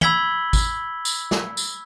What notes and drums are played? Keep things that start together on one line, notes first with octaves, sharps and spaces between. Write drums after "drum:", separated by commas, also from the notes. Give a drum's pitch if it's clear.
B5 E6 G#6 B6 F#7 G7, drum: tom
drum: kick, tambourine
drum: tambourine
drum: snare
drum: tambourine